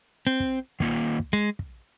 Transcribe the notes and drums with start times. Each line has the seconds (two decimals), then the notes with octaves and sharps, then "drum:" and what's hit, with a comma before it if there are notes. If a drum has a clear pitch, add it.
0.27 C4
0.40 drum: kick
0.80 D#3 A#3 F4, drum: kick
1.19 drum: kick
1.33 G#3
1.59 drum: kick